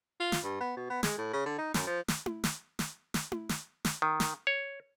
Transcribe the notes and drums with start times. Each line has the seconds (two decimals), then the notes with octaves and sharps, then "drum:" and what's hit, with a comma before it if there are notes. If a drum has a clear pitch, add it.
0.20 F4
0.32 drum: snare
0.44 G2
0.60 B3
0.77 B2
0.90 B3
1.03 G#3, drum: snare
1.18 A2
1.33 C#3
1.46 D3
1.59 D#4
1.74 F#2, drum: snare
1.87 F3
2.08 drum: snare
2.26 drum: tom E4
2.44 drum: snare
2.79 drum: snare
3.14 drum: snare
3.32 drum: tom E4
3.49 drum: snare
3.85 drum: snare
4.02 D#3
4.20 drum: snare
4.47 C#5